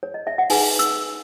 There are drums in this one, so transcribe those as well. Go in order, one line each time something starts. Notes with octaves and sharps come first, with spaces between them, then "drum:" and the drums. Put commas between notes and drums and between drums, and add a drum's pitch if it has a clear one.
C#5
D#5
E5
F#5
D#4 G#4 B4 G#5, drum: open hi-hat
E6, drum: hi-hat